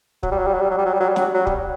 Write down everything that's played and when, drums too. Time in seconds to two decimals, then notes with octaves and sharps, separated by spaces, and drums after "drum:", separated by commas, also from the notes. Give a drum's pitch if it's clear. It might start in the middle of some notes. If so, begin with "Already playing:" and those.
0.23 F#3, drum: kick
0.32 G3
0.39 F#3
0.47 G3
0.54 F#3
0.61 G3
0.70 F#3
0.78 G3
0.86 F#3
0.93 G3
1.00 F#3
1.09 G3
1.16 F#3, drum: snare
1.34 F#3
1.47 G3, drum: kick